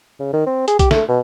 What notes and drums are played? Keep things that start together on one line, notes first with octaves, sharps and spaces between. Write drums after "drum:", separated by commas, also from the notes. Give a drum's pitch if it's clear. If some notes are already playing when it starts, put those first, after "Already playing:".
C#3
D#3
C4
G#4, drum: hi-hat
G4, drum: kick B1, hi-hat
A3, drum: snare
B2